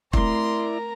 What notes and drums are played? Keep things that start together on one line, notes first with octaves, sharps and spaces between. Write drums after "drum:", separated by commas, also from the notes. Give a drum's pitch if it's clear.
A3 C4 E4 A#4 D5 A#5 C6, drum: kick